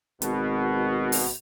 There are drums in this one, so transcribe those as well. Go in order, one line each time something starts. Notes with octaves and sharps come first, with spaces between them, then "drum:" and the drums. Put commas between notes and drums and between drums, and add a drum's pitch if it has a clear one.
G#1 B2, drum: hi-hat
drum: open hi-hat